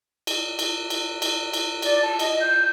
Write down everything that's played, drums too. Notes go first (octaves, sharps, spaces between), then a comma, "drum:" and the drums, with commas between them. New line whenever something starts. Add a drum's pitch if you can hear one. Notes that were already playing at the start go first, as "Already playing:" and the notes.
drum: cymbal
drum: cymbal
drum: cymbal
drum: cymbal
drum: cymbal
D5, drum: cymbal
A5
D#5, drum: cymbal
G6